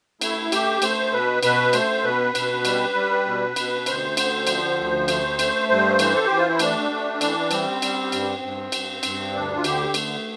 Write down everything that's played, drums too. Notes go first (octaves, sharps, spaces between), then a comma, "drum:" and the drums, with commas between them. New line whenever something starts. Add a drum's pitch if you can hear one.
A3 E4, drum: cymbal
A3 G4, drum: cymbal
A3 C5, drum: cymbal
B2 B4
B2 B4, drum: cymbal
A3 C5, drum: cymbal
B2 B4
B2, drum: cymbal
G3, drum: cymbal
G3
B2
B2, drum: cymbal
D2 C5, drum: cymbal
D3, drum: cymbal
F3, drum: cymbal
D2
A3, drum: cymbal
A3, drum: cymbal
G2 C5
E3, drum: cymbal
A4
E3 G4
F4
E4
A3 D4, drum: cymbal
A3
E3, drum: cymbal
G3 C4, drum: cymbal
G3, drum: cymbal
G2, drum: cymbal
G2
G2, drum: cymbal
G2, drum: cymbal
D2 D4
F4
D3 G4, drum: cymbal
A3, drum: cymbal